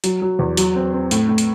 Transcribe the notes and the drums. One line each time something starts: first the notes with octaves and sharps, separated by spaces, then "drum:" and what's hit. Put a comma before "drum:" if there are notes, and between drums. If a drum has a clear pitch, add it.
F#3, drum: hi-hat
F#3
E2
F#3, drum: hi-hat
C4
C4
A2, drum: hi-hat
A2
drum: hi-hat